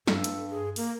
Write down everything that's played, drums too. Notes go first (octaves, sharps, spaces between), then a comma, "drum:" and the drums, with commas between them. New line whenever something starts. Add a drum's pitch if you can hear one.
G2 A4, drum: snare
drum: hi-hat
G#4
A#3, drum: open hi-hat